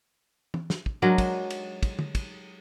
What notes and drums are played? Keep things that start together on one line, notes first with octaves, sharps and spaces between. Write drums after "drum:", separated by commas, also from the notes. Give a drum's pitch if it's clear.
drum: tom E3
drum: snare
drum: kick
F#3 G#3 D4 A#4
drum: kick, cymbal
drum: cymbal
drum: kick, cymbal
drum: tom
drum: kick, cymbal